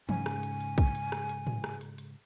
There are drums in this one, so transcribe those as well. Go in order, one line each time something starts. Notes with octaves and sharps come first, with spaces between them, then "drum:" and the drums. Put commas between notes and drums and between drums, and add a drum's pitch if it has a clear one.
G#2 C#3 G#5, drum: tom E3
drum: rim click
drum: hi-hat
drum: hi-hat
drum: kick, hi-hat
drum: hi-hat
drum: rim click
drum: hi-hat
drum: tom A2
drum: rim click
drum: hi-hat
drum: hi-hat